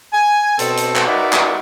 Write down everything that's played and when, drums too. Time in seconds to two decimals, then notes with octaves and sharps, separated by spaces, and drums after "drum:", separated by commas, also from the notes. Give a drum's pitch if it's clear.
0.13 G#5
0.59 B2 C4 A4, drum: hi-hat
0.77 drum: hi-hat
0.96 drum: clap
1.07 D#4 F#4 A#4 B4 D5 E5
1.33 drum: clap